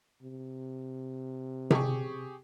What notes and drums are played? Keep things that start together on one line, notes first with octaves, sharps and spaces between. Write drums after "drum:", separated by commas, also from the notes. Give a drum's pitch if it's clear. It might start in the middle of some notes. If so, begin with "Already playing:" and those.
C3
G4 G#4 C#6, drum: tom C3